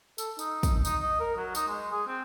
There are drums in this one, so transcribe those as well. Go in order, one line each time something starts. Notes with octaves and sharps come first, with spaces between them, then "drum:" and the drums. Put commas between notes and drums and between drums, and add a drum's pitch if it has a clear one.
A4, drum: tambourine
D#4, drum: tambourine
drum: kick, tambourine
D#4, drum: tambourine
D#5
A#4
F#3
D#4, drum: tambourine
G#3
G#4
C4